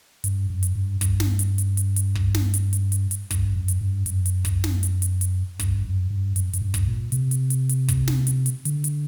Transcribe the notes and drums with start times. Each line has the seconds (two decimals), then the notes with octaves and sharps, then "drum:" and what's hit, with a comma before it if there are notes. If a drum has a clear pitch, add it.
0.24 G2, drum: hi-hat
0.50 F#2
0.63 drum: hi-hat
0.75 G2
1.01 G2, drum: kick, hi-hat
1.20 drum: snare
1.39 drum: hi-hat
1.58 drum: hi-hat
1.77 drum: hi-hat
1.96 drum: hi-hat
2.15 drum: kick
2.35 drum: snare
2.54 drum: hi-hat
2.73 drum: hi-hat
2.92 drum: hi-hat
3.11 drum: hi-hat
3.31 G2, drum: kick, hi-hat
3.55 F#2
3.68 drum: hi-hat
3.81 G2
4.06 F#2, drum: hi-hat
4.26 drum: hi-hat
4.45 drum: kick, hi-hat
4.64 drum: snare
4.83 drum: hi-hat
5.02 drum: hi-hat
5.21 drum: hi-hat
5.59 G2, drum: kick, hi-hat
5.85 F#2
6.10 G2
6.36 F#2, drum: hi-hat
6.53 F#2, drum: hi-hat
6.62 G2
6.74 drum: kick, hi-hat
6.87 A#2
7.12 C3, drum: hi-hat
7.31 drum: hi-hat
7.50 drum: hi-hat
7.69 drum: hi-hat
7.88 drum: kick, hi-hat
8.08 drum: snare
8.27 drum: hi-hat
8.46 drum: hi-hat
8.65 D3, drum: hi-hat
8.84 drum: hi-hat